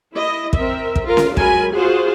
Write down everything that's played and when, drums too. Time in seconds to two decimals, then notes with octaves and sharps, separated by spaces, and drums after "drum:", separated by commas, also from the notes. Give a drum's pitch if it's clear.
0.12 E4 D#5
0.53 C4 A#4 E5, drum: kick
0.96 drum: kick
1.05 F4 A#4
1.17 drum: snare C#4
1.37 F#3 G#3 A#4 G#5 B5, drum: kick
1.74 F4 F#4 G#4 C5 F#5